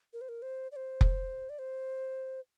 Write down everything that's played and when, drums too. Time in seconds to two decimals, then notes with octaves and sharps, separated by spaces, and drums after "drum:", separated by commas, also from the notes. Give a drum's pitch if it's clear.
0.13 A#4
0.21 C5
0.29 A#4
0.42 C5
0.72 D5
0.76 C5
1.01 drum: kick F1
1.50 D5
1.59 C5